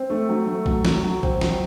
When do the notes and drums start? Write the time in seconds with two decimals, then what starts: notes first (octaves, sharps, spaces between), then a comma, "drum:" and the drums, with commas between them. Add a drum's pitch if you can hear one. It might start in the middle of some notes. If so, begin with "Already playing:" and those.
Already playing: C4
0.10 A3
0.29 F#3
0.47 A3
0.66 F#3, drum: kick
0.85 F#3, drum: snare
1.04 F#3
1.23 C4, drum: kick
1.41 F#3, drum: snare